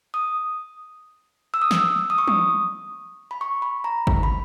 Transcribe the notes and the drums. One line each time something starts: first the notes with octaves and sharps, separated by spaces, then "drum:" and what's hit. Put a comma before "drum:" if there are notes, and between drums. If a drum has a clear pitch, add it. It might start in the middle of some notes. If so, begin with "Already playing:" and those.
D#6
E6
D#6
E6, drum: snare
D#6
C#6
D#6, drum: tom
B5
C#6
B5
A#5
B5, drum: kick G1
B5